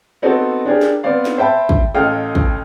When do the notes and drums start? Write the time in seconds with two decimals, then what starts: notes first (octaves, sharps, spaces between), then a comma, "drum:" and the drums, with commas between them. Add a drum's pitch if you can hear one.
0.22 B3 C4 D#4 F#4 A4
0.65 D4 G4 G#4 A#4
0.81 drum: snare
1.03 B3 C4 D5 F5
1.25 drum: snare
1.37 C5 E5 G5 A5 B5
1.69 drum: kick
1.94 A1 A4 D#5 F5 G5 F6
2.35 drum: kick